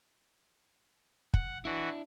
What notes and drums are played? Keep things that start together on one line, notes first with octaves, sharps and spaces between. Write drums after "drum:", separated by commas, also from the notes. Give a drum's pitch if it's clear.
F#5, drum: kick
E3 D4 E4 F#4